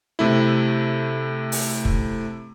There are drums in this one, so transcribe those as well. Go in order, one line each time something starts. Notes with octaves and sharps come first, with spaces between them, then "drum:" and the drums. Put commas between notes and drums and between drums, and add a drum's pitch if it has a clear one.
C3 A3 E4
drum: open hi-hat
drum: kick